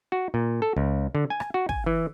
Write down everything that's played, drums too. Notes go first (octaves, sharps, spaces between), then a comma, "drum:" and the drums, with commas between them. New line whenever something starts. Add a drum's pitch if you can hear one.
F#4
A#2
A4
C#2
D3
G#5
drum: rim click
F#4
G#5, drum: kick
E3